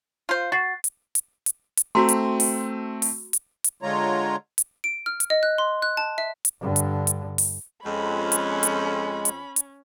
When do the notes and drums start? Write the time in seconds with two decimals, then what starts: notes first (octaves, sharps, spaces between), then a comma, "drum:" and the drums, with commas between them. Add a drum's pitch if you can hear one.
0.29 F4 C5
0.52 F#4 A6 C7
0.84 drum: hi-hat
1.15 drum: hi-hat
1.46 drum: hi-hat
1.77 drum: hi-hat
1.95 A3 C4 F#4 A#5 C6
2.09 drum: hi-hat
2.40 drum: open hi-hat
3.02 drum: open hi-hat
3.33 drum: hi-hat
3.64 drum: hi-hat
3.83 D3 G#3 F4 C#5 A#5
4.58 drum: hi-hat
4.84 D7
5.06 F6
5.20 drum: hi-hat
5.30 D#5
5.43 F#6
5.58 C6
5.82 F#6
5.97 A5
6.18 E5
6.45 drum: hi-hat
6.61 G2 D3
6.76 drum: hi-hat
7.07 drum: hi-hat
7.38 drum: open hi-hat
7.85 F2 G#3 C#4 B5
8.32 drum: hi-hat
8.63 drum: hi-hat
9.25 drum: hi-hat
9.56 drum: hi-hat